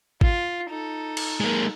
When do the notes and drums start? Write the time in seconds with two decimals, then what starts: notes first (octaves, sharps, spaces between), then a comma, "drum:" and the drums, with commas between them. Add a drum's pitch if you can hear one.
0.21 F4, drum: kick G#1
0.70 D#4 A4
1.17 drum: cymbal
1.40 G#3 A#3